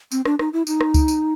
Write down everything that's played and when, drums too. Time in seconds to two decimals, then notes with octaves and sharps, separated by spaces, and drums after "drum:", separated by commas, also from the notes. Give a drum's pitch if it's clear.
0.12 C4, drum: tambourine
0.25 D4, drum: rim click
0.39 D#4, drum: rim click
0.53 E4
0.67 D#4, drum: tambourine
0.81 drum: rim click
0.94 drum: kick C#2, tambourine
1.08 drum: tambourine